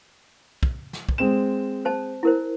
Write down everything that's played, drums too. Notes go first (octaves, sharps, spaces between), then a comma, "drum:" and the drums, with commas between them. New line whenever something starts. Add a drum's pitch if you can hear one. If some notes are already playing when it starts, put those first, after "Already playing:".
drum: kick
drum: snare
drum: kick
G#3 C4 E7
C5 A5
E4 A#4 C5